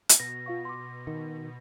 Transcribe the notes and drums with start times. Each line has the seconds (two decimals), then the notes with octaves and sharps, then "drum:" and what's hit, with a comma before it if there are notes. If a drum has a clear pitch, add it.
0.09 drum: hi-hat
0.20 B2 A#6
0.46 F4 F5 C#6
0.65 C6 D6
1.07 D#3